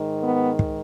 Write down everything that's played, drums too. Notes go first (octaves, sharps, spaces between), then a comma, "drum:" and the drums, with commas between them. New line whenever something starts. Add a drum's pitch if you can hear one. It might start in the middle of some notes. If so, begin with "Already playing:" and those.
Already playing: G#2 D#3
B3
drum: kick